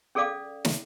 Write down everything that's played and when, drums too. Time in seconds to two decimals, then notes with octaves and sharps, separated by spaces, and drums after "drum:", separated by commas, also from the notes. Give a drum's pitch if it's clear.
0.15 C#4 G#4 A4 D5 F5 D6
0.65 drum: snare